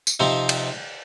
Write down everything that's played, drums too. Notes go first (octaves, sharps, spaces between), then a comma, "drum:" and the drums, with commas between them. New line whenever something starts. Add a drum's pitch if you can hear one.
drum: tambourine
C3 F3 C4 D#4
drum: cymbal